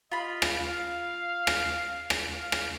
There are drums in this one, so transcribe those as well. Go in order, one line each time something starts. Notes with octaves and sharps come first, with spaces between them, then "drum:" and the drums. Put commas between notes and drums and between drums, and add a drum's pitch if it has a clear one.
F4 D#5 B5
drum: rim click
F5
drum: rim click
drum: rim click
F5
drum: rim click